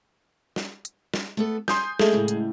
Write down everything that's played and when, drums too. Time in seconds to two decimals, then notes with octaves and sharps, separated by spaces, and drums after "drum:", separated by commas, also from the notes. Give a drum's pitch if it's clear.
0.56 drum: snare
0.85 drum: hi-hat
1.14 drum: snare
1.37 A3 B3 A4
1.68 G#5 C6 D#6 G6, drum: snare
2.00 G#3 A3 G#4, drum: snare
2.13 A2 C#3
2.28 drum: hi-hat